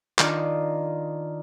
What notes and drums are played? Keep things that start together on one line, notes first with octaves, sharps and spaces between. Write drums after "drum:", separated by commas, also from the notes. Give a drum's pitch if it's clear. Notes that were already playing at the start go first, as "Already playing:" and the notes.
D#3 D4 D#4 F4, drum: clap